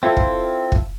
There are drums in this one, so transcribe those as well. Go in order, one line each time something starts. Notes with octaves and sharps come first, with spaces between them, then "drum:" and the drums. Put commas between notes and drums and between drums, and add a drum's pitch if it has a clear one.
C4 E4 F4 A4
drum: kick
drum: kick